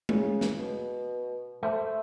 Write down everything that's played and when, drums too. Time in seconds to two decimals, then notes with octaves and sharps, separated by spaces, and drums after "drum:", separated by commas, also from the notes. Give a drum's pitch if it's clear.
0.09 C#3, drum: tom G#3
0.41 drum: snare
0.59 B2
1.63 A3 C5